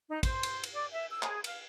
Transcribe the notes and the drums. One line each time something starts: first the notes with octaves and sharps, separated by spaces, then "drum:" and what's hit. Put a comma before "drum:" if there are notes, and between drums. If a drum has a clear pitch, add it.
D#4
C5, drum: kick, cymbal
drum: cymbal
drum: cymbal
D5
E5
E6
G#4, drum: clap
F5, drum: cymbal